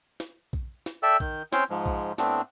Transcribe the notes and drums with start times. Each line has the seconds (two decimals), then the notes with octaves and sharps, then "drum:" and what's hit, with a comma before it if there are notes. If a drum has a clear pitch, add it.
0.20 drum: snare
0.53 drum: kick A#1
0.86 drum: snare
1.03 A4 D5 E5 G5 E6
1.20 D#3 G6, drum: kick A#1
1.53 C4 C#4 C5 C#5 G5 C6, drum: snare
1.70 G#2 F3 G#3
1.86 drum: kick A#1
2.18 A2 A3 B3 C4 D4, drum: snare